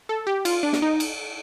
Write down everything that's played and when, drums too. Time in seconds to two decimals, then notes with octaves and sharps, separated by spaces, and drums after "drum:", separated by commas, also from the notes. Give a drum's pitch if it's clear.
0.09 A4
0.27 G4
0.45 F4, drum: cymbal
0.63 D4
0.73 drum: snare
0.82 D#4
1.00 drum: cymbal